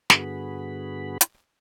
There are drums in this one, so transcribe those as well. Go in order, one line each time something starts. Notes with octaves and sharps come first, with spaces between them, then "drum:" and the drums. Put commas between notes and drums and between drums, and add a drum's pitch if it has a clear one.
G2 D3 B3 F#4 G#4 B5, drum: snare
drum: hi-hat